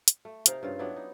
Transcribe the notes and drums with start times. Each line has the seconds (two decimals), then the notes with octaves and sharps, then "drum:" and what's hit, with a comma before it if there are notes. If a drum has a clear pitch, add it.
0.08 drum: hi-hat
0.25 A3
0.46 C3 D#4 A#4 F5, drum: hi-hat
0.63 G2 C#3 F4
0.79 F#3 B3 D4 E4
0.96 D#4